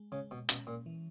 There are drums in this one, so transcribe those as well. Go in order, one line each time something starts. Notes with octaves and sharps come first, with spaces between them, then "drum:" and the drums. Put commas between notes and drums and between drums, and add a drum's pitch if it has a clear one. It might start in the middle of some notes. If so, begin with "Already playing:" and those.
Already playing: G#3
C#3 G#3
B2
B2 C#4, drum: hi-hat
A#2
E3